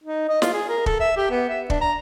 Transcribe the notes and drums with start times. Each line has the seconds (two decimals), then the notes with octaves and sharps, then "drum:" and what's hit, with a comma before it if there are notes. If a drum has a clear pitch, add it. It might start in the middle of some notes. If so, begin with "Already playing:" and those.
0.04 D#4
0.29 D#5
0.42 F4, drum: snare
0.54 G#4
0.69 A#4
0.86 A4, drum: kick
1.00 E5
1.17 G4
1.31 B3
1.49 E5
1.70 D4, drum: kick
1.81 A#5